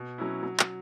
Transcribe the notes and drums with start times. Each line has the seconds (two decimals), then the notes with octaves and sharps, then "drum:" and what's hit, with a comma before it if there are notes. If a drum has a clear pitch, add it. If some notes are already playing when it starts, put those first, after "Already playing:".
Already playing: B2
0.18 F#3 C#4 E4
0.43 F#3
0.60 drum: clap